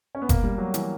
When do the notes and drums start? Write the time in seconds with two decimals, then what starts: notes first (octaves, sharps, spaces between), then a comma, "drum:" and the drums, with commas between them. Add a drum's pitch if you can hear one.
0.15 C#4
0.22 B3
0.29 A#3, drum: kick F#1, hi-hat
0.44 G3
0.58 F#3
0.74 E3, drum: hi-hat